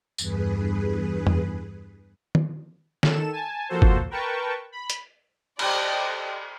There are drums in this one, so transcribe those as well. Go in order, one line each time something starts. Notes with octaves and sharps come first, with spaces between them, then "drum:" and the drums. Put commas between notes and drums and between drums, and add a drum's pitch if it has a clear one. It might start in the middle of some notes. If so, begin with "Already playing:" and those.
E2 G2 G#4 B4, drum: tambourine
drum: tom F2
drum: tom
D#3 A4 E7, drum: snare
G#5 A5
F3 A#3 F#4 A4 C5
drum: kick
A#4 B4 G5 A5 C#6
B5
drum: hi-hat
G4 A4 C5 D5 D#5, drum: cymbal